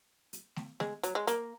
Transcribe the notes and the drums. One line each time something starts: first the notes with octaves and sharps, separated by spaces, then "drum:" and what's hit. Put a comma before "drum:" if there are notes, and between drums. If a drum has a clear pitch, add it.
drum: hi-hat
drum: snare
G#3, drum: snare
F#3, drum: hi-hat
G#3
A#3, drum: hi-hat